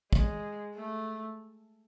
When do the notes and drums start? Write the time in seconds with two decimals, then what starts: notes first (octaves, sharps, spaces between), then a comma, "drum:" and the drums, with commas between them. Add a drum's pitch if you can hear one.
0.13 G#3, drum: kick
0.75 A3